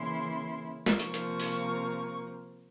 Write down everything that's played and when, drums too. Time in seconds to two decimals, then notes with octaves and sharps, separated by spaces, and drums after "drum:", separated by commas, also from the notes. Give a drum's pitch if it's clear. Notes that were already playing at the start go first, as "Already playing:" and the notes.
Already playing: C#3 E3 A#3 E4 C6
0.86 drum: snare
1.00 C3 F3 A#3 C#6, drum: hi-hat
1.14 drum: hi-hat
1.40 drum: open hi-hat